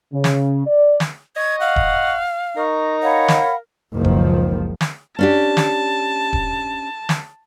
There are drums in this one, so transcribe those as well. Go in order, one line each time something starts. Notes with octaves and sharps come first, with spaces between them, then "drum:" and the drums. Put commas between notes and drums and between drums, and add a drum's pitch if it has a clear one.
C#3
drum: snare
D5
drum: snare
D#5 C#6 G#6
F5 F#5
drum: kick D#1
D#4 A#4 C#6
C#5 F5 F#5 B5
drum: snare
F#1 C#2 D#3 F3
drum: kick D#1
drum: snare
C#4 D4 G4 A5
drum: snare
drum: kick D#1
drum: snare